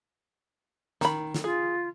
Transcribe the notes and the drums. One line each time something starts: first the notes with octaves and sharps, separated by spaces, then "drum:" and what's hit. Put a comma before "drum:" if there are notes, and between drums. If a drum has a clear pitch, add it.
D#3 B5, drum: snare
drum: snare
F4 G#4